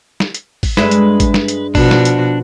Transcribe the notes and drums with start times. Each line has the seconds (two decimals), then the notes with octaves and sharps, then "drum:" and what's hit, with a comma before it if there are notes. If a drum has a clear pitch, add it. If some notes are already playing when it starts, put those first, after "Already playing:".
0.20 drum: snare
0.34 drum: hi-hat
0.63 drum: kick, open hi-hat
0.77 G2 G#3 B4 E5, drum: snare
0.91 drum: hi-hat
1.20 drum: kick, hi-hat
1.34 drum: snare
1.48 drum: hi-hat
1.75 B2 F3 D4 F#4, drum: kick, open hi-hat
1.91 drum: snare
2.05 drum: hi-hat